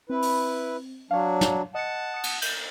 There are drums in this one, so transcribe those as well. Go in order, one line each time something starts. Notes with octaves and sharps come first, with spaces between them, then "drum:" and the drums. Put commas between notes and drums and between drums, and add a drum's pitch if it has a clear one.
C4 E4 B4
drum: open hi-hat
F#3 D4 C#5 F5
drum: snare
D#5 F#5 A5 C#7
D#6 C#7
drum: cymbal
G6, drum: cymbal